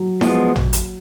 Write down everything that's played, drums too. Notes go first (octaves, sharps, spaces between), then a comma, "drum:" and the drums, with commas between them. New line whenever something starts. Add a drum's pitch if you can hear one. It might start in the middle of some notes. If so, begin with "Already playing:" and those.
Already playing: F#3
F3 G#3 B3, drum: snare E4
drum: tom
drum: hi-hat